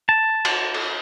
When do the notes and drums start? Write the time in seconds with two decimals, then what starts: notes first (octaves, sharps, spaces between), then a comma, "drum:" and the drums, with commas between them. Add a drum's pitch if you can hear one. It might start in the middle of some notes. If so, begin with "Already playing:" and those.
0.09 A5
0.45 drum: cymbal
0.74 drum: cymbal